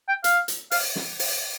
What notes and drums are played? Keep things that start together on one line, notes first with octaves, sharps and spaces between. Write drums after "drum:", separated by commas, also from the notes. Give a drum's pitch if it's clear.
G5
F5, drum: hi-hat
drum: hi-hat
F5, drum: open hi-hat
drum: snare
drum: open hi-hat